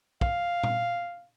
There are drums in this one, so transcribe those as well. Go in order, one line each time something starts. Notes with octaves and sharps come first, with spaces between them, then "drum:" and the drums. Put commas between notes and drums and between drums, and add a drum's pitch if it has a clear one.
F5, drum: kick
drum: tom A#2